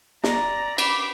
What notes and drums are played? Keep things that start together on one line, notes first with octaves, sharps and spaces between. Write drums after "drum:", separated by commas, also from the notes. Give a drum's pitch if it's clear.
D5 A#5, drum: snare
B5 D6, drum: cymbal